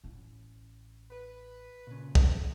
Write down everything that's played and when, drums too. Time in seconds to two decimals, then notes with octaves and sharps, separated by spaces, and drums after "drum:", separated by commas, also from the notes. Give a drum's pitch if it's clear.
0.04 A1 C#4
1.11 B4
1.87 A#2 C#3
2.15 drum: kick